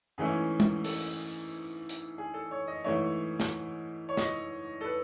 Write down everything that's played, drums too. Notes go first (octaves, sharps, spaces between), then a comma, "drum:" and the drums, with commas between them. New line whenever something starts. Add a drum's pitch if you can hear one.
G#2 E3 A3 C#4 E4 G#4
drum: tom G#3
A4, drum: open hi-hat
drum: hi-hat
G#4
A4
C#5
D#5
G#2 E3 A3 E4 C#5
drum: snare
C#5
D#5, drum: snare
A4
B4